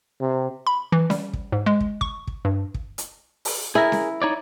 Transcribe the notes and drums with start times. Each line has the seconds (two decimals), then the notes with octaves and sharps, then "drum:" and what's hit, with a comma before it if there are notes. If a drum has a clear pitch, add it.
0.21 C3
0.67 B5
0.92 E3
1.10 G3, drum: snare C#4
1.33 drum: kick
1.52 G#2
1.66 G#3
1.80 drum: kick
2.01 C#6, drum: kick
2.27 drum: kick
2.45 G2
2.74 drum: kick
2.98 drum: hi-hat
3.45 drum: open hi-hat
3.75 E4 G#4 A#4
3.92 drum: snare C#4
4.22 D#4 C#5 D5